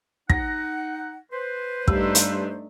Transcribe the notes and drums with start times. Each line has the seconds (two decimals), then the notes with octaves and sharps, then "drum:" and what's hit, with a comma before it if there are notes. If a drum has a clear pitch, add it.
0.30 D#4 F#5 A#6, drum: kick
1.32 B4 C5
1.88 G2 A3 D4 D#4 E6, drum: kick
2.15 drum: hi-hat